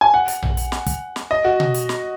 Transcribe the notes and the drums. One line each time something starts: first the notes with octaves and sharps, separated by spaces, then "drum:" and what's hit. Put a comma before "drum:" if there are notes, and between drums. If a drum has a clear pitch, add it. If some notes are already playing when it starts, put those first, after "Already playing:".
G#5
F#5
drum: hi-hat
drum: tom A#1
drum: hi-hat
drum: snare
drum: kick, hi-hat
drum: snare
D#5
F#4
drum: tom B2
drum: hi-hat
drum: snare